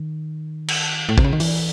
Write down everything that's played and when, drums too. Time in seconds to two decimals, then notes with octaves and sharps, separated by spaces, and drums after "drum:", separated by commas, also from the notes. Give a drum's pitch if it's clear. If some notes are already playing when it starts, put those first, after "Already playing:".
Already playing: D#3
0.68 drum: cymbal
1.09 A2
1.18 C3, drum: kick A1
1.24 C#3
1.33 D#3
1.40 E3, drum: open hi-hat